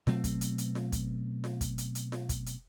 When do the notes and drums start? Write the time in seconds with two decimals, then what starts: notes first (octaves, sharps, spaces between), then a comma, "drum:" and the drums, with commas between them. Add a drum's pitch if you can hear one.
0.07 B2 F#3 A3 C4, drum: snare F4
0.24 drum: kick, hi-hat
0.41 drum: hi-hat
0.58 drum: hi-hat
0.75 drum: snare F4
0.92 drum: kick, hi-hat
1.44 drum: snare F4
1.61 drum: kick, hi-hat
1.78 drum: hi-hat
1.95 drum: hi-hat
2.12 drum: snare F4
2.29 drum: kick, hi-hat
2.46 drum: hi-hat